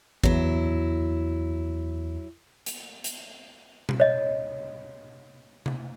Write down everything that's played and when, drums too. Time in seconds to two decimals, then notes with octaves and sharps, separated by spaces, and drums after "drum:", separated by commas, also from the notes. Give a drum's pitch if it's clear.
0.24 E2 F#3 E4, drum: kick G#1
2.66 drum: hi-hat
3.04 drum: hi-hat
3.89 drum: tom B2
4.00 C#5 D#5
5.66 drum: tom C3